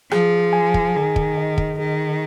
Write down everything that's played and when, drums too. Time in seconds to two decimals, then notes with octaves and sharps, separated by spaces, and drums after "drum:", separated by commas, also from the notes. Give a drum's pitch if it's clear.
0.11 F3 G#4, drum: rim click
0.53 G#5
0.74 drum: kick
0.95 D#3 G#4
1.16 drum: kick
1.37 D#5
1.58 drum: kick
1.79 D#3 G#4